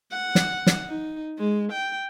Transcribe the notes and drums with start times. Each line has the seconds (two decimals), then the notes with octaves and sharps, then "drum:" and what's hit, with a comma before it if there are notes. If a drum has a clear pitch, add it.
0.11 F#5
0.35 drum: snare
0.67 drum: snare
0.87 D#4
1.39 G#3
1.72 G5